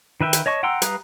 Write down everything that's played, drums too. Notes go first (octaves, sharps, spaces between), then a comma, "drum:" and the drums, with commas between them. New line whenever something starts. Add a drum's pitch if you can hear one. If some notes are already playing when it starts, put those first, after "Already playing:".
D#3 B4 E5 G5
drum: hi-hat
C#5 D#5 A5 C#6
F#5 G5 A#5 C6 E6
G3 B4 F5 A#5 D#6, drum: hi-hat